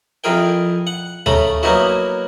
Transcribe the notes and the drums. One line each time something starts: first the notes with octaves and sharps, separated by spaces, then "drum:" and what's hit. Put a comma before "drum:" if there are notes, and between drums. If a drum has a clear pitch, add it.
F2 E4 G#4 A#4 G5
F#5
C#3 A3 A#5 B5, drum: tom D2
F#3 A#3 B3 D#4 E4 F#4